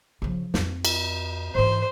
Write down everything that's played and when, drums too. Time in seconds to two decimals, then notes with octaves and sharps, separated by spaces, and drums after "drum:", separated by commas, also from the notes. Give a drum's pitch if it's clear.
0.22 C#3 F3
0.54 F2 C4, drum: snare
0.85 drum: cymbal
1.55 G#2 E3 C5